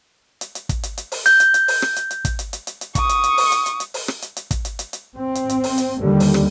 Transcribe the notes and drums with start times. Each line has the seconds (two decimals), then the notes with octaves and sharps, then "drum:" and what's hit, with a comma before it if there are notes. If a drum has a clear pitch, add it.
0.41 drum: hi-hat
0.55 drum: hi-hat
0.69 drum: kick, hi-hat
0.83 drum: hi-hat
0.98 drum: hi-hat
1.12 drum: open hi-hat
1.26 G6, drum: hi-hat
1.40 drum: hi-hat
1.54 drum: hi-hat
1.68 drum: open hi-hat
1.82 drum: rim click
1.96 drum: hi-hat
2.11 drum: hi-hat
2.25 drum: kick, hi-hat
2.39 drum: hi-hat
2.53 drum: hi-hat
2.67 drum: hi-hat
2.81 drum: hi-hat
2.95 C#6 D#6, drum: kick, hi-hat
3.09 drum: hi-hat
3.23 drum: hi-hat
3.38 drum: open hi-hat
3.52 drum: hi-hat
3.66 drum: hi-hat
3.80 drum: hi-hat
3.94 drum: open hi-hat
4.08 drum: rim click
4.22 drum: hi-hat
4.36 drum: hi-hat
4.51 drum: kick, hi-hat
4.65 drum: hi-hat
4.79 drum: hi-hat
4.93 drum: hi-hat
5.15 C4
5.35 drum: hi-hat
5.49 drum: hi-hat
5.64 drum: open hi-hat
5.78 drum: hi-hat
5.99 D#2 D3 G3
6.20 drum: open hi-hat
6.34 drum: rim click